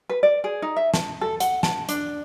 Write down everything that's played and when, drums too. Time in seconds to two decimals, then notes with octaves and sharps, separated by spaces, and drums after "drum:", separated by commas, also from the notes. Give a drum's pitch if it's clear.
0.10 B4
0.23 D5
0.44 G#4
0.62 D#4
0.76 E5
0.94 A5, drum: snare
1.21 A4
1.40 F#5, drum: hi-hat
1.63 A5, drum: snare
1.89 D4, drum: hi-hat